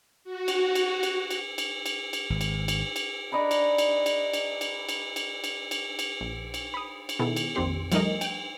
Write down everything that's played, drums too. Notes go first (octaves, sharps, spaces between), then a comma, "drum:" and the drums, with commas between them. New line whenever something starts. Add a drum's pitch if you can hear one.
F#4
drum: cymbal
drum: cymbal
drum: cymbal
drum: cymbal
drum: cymbal
drum: cymbal
drum: cymbal
G#1
drum: cymbal
drum: cymbal
drum: cymbal
D4 D#5 A#5 B5
drum: cymbal
drum: cymbal
drum: cymbal
drum: cymbal
drum: cymbal
drum: cymbal
drum: cymbal
drum: cymbal
drum: cymbal
drum: cymbal
A#1
drum: cymbal
B5 D#6
drum: cymbal
B2 D#3 B3 E4 G#4 A4
drum: cymbal
A#1 F2 D#3 C4 G4 C6
F3 G3 A3 D#4 A#4 D#5, drum: cymbal
G5 D7, drum: cymbal